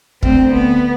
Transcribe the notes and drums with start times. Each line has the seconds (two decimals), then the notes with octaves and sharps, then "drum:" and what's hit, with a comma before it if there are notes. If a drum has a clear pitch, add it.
0.23 D2 C4, drum: kick
0.53 B3